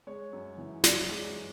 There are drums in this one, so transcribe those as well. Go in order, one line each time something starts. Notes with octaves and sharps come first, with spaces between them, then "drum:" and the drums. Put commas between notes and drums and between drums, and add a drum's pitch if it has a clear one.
G#3 C#5
F#2
E3
F#2 D5, drum: snare
G#3